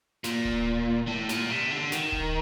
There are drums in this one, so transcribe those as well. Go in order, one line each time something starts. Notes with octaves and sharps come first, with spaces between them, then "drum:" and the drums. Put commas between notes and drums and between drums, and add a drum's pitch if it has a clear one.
A#2, drum: snare
drum: kick D1
A2
A#2, drum: snare
C3
D3
D#3, drum: snare
drum: kick D1